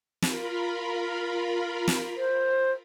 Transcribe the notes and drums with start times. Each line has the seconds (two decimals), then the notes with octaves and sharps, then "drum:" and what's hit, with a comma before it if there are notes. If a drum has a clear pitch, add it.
0.22 F4 A#4 B5, drum: snare
1.88 drum: snare
2.17 C5